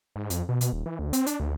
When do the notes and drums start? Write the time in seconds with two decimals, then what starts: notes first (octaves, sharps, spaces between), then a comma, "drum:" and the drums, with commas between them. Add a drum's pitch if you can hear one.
0.16 G#2
0.30 F2, drum: hi-hat
0.49 B2
0.61 B2, drum: hi-hat
0.73 D#1
0.86 E3
0.99 D2
1.13 C4, drum: hi-hat
1.26 D4, drum: hi-hat
1.40 D2